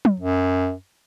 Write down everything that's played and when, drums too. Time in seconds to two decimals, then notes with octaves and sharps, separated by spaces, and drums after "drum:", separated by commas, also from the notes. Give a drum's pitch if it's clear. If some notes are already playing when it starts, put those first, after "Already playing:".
0.05 drum: tom
0.20 F#2